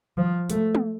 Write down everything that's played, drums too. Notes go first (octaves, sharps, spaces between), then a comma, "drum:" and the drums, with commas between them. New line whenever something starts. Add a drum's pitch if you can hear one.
F3
A3, drum: hi-hat
drum: tom